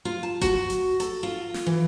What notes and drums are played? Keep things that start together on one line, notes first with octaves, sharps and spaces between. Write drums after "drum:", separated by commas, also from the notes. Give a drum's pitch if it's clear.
F4
A5
F#4, drum: kick F#1, hi-hat
drum: hi-hat
A4, drum: hi-hat
F4
drum: snare
E3